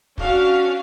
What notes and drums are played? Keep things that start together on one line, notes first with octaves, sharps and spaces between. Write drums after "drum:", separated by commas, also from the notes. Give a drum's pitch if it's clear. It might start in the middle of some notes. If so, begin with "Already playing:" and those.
C#4 D4 F#4 F5, drum: kick